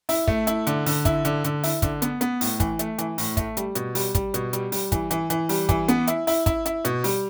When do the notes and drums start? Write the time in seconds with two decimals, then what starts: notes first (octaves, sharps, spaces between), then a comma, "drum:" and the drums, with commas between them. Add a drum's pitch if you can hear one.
0.09 E4, drum: open hi-hat
0.28 A3, drum: kick
0.47 E4, drum: hi-hat
0.67 D3, drum: hi-hat
0.86 D3, drum: open hi-hat
1.05 E4, drum: kick, hi-hat
1.25 D3, drum: hi-hat
1.44 D3, drum: hi-hat
1.63 E4, drum: open hi-hat
1.82 D3, drum: kick, hi-hat
2.02 B3, drum: hi-hat
2.21 B3, drum: hi-hat
2.41 A2, drum: open hi-hat
2.60 E3, drum: kick, hi-hat
2.79 A3, drum: hi-hat
2.98 E3, drum: hi-hat
3.18 A2, drum: open hi-hat
3.37 A3, drum: kick, hi-hat
3.57 G3, drum: hi-hat
3.75 B2, drum: hi-hat
3.95 G3, drum: open hi-hat
4.15 G3, drum: kick, hi-hat
4.34 B2, drum: hi-hat
4.53 G3, drum: hi-hat
4.72 G3, drum: open hi-hat
4.92 E3, drum: kick, hi-hat
5.11 E3, drum: hi-hat
5.30 E3, drum: hi-hat
5.49 G3, drum: open hi-hat
5.69 E3, drum: kick, hi-hat
5.88 B3, drum: hi-hat
6.07 E4, drum: hi-hat
6.27 E4, drum: open hi-hat
6.46 E4, drum: kick, hi-hat
6.66 E4, drum: hi-hat
6.85 B2, drum: hi-hat
7.04 G3, drum: open hi-hat